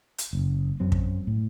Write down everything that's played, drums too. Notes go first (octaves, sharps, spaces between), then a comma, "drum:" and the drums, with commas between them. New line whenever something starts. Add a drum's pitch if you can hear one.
drum: hi-hat
F#1
F#2 F#3 C4
drum: kick
A2